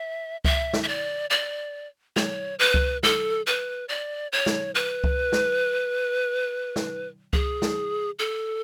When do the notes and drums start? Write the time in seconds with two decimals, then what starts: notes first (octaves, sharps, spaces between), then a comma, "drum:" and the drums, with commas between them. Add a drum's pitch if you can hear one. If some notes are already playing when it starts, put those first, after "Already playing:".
Already playing: E5
0.45 E5, drum: kick C#2
0.73 drum: snare
0.83 E5
0.88 D5
1.30 D5
2.16 C#5, drum: snare
2.59 B4
2.74 drum: kick C#2
3.03 A4, drum: snare
3.47 B4
3.89 D5
4.32 C#5
4.46 drum: snare
4.75 B4
5.04 drum: kick C#2
5.32 drum: snare
6.76 drum: snare
7.33 G#4, drum: kick C#2
7.62 drum: snare
8.19 A4